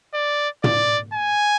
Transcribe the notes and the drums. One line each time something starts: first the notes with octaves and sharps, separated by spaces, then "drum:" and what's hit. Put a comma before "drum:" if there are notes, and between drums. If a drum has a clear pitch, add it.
D5
D5, drum: tom
G#5